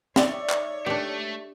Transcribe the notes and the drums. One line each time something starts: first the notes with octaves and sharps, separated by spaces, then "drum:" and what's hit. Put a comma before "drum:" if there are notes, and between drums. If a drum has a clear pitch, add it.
D#4 C#5 D5 E5, drum: snare
drum: clap
A3 D4 G4